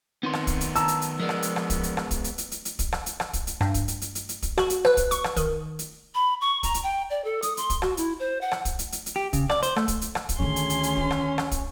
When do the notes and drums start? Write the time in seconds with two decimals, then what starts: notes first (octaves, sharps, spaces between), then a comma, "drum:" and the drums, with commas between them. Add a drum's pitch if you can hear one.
0.23 D#3 B3 C4 D#4 C6
0.33 drum: rim click
0.47 drum: kick, hi-hat
0.61 drum: hi-hat
0.75 A5 A#5 E6, drum: hi-hat
0.88 drum: hi-hat
1.02 drum: hi-hat
1.20 F3 G#3 B3 A#4 D5
1.29 drum: rim click
1.42 drum: hi-hat
1.56 drum: rim click
1.70 drum: kick, hi-hat
1.83 drum: hi-hat
1.97 drum: rim click
2.11 drum: kick, hi-hat
2.24 drum: hi-hat
2.38 drum: hi-hat
2.52 drum: hi-hat
2.65 drum: hi-hat
2.79 drum: kick, hi-hat
2.92 drum: rim click
3.06 drum: hi-hat
3.20 drum: rim click
3.33 drum: kick, hi-hat
3.47 drum: hi-hat
3.61 G2, drum: rim click
3.74 drum: kick, hi-hat
3.88 drum: hi-hat
4.02 drum: hi-hat
4.15 drum: hi-hat
4.29 drum: hi-hat
4.42 drum: kick, hi-hat
4.58 F#4, drum: rim click
4.70 drum: hi-hat
4.85 B4, drum: rim click
4.97 drum: kick, hi-hat
5.11 C#6, drum: hi-hat
5.24 drum: rim click
5.36 D#3, drum: kick, hi-hat
5.79 drum: hi-hat
6.15 B5
6.41 C#6
6.63 A#5, drum: kick, hi-hat
6.74 drum: hi-hat
6.83 G5
7.10 D5
7.25 A4
7.42 D#6, drum: hi-hat
7.57 C6, drum: hi-hat
7.70 drum: kick, hi-hat
7.82 F#4, drum: rim click
7.97 E4, drum: hi-hat
8.20 C5
8.41 F#5
8.52 drum: rim click
8.65 drum: kick, hi-hat
8.79 drum: hi-hat
8.92 drum: hi-hat
9.06 drum: hi-hat
9.16 G4
9.33 C#3, drum: kick, hi-hat
9.50 D5, drum: rim click
9.63 C5, drum: hi-hat
9.76 A3, drum: rim click
9.88 drum: kick, hi-hat
10.02 drum: hi-hat
10.15 drum: rim click
10.29 drum: kick, hi-hat
10.39 D2 D3 D#3 C#4 G#4 C6
10.56 drum: hi-hat
10.70 drum: hi-hat
10.83 drum: hi-hat
10.97 drum: kick
11.11 drum: rim click
11.38 drum: rim click
11.51 drum: kick, hi-hat